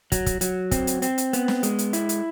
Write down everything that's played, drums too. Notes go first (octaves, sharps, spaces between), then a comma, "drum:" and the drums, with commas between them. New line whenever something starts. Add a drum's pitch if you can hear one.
F#3, drum: kick, hi-hat
drum: kick, hi-hat
F#3, drum: hi-hat
C4, drum: kick, hi-hat
drum: hi-hat
C4, drum: hi-hat
drum: hi-hat
B3, drum: hi-hat
drum: snare
G#3, drum: hi-hat
drum: hi-hat
E4, drum: hi-hat
drum: hi-hat